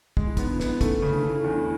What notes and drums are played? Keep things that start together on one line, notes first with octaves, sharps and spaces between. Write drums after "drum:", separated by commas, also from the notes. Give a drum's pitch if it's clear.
G#3, drum: kick
E4
B3 D#4, drum: kick, hi-hat
D4 E4
B3, drum: snare
A3 C#4 D#4, drum: kick, hi-hat
C#3
D4 E4
A3
E4
E2 D#4
D4 E4